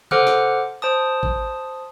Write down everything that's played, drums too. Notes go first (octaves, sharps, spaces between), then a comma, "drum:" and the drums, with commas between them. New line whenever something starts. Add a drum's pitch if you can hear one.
A4 C5 F#5 D6 F6 F#6, drum: tom C3
drum: snare
C5 A5 D#6
drum: kick G#1